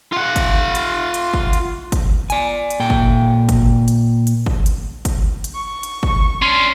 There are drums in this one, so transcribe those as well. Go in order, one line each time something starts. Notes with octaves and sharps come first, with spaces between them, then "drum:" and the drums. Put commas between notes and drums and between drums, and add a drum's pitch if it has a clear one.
F4 F#5
drum: kick, hi-hat
drum: hi-hat
drum: hi-hat
drum: kick
drum: hi-hat
drum: kick, hi-hat
D5 G#5, drum: hi-hat
drum: hi-hat
A#2 G5
drum: kick
drum: kick, hi-hat
drum: hi-hat
drum: hi-hat
drum: kick
drum: hi-hat
drum: kick, hi-hat
drum: hi-hat
C#6
drum: hi-hat
drum: kick
C#4 D4 C6 C7